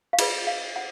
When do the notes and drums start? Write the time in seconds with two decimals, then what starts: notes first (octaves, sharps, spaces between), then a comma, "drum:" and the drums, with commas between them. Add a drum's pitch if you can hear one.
0.13 F5
0.19 F4 G#4 B4 D5, drum: cymbal
0.47 F5
0.76 F#5